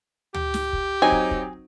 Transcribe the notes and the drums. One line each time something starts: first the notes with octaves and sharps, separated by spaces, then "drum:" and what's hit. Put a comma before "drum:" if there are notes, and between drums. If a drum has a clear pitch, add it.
G4, drum: tom D2
drum: snare
drum: kick
F#3 C4 D#4 G#5
drum: kick
drum: kick